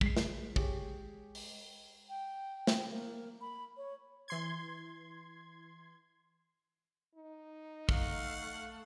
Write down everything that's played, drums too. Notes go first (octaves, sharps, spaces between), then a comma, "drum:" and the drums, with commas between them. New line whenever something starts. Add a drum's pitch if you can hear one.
G#3 B6 C7, drum: kick
drum: snare
G4 G#4 C#5, drum: kick
drum: open hi-hat
G5
drum: snare
A#3
B5
C#5
E3 C6 G#6
D#4
A3 F5 F#5, drum: kick